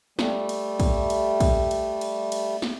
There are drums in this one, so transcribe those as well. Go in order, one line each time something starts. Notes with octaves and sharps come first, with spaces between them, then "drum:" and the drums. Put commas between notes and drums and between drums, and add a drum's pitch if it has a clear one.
G3 A3, drum: snare
drum: cymbal
drum: kick, cymbal
drum: cymbal
drum: kick, cymbal
drum: cymbal
drum: cymbal
drum: cymbal
drum: snare